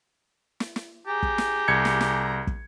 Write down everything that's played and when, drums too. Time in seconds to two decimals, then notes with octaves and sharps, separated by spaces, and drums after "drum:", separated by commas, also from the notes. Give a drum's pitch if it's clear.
0.60 drum: snare
0.76 drum: snare
1.07 G4 G#4 A#5
1.23 drum: kick
1.38 drum: snare
1.68 C2 G#6 C#7
1.85 drum: snare
2.01 drum: snare
2.47 drum: kick